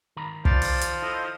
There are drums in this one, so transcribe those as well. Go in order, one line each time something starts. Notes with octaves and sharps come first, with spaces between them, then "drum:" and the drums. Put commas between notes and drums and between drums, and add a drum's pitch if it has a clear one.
D#3 A#5 B5
F3 D5, drum: kick
drum: open hi-hat
drum: hi-hat
E4 A4 D#5